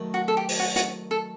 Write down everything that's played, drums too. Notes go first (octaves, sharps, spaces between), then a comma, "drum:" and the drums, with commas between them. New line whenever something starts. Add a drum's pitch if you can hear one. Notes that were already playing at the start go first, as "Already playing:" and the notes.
Already playing: D#3 F#3 A3
F#4
A4
G4
drum: open hi-hat
F#4
F#4, drum: hi-hat
A4